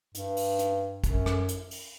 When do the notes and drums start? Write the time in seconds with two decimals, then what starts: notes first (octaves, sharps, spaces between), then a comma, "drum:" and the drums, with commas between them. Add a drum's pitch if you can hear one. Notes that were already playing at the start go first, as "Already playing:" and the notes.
0.15 G2, drum: hi-hat
0.37 drum: open hi-hat
0.59 drum: hi-hat
1.04 F#2, drum: kick, hi-hat
1.26 drum: rim click
1.49 drum: hi-hat
1.71 drum: open hi-hat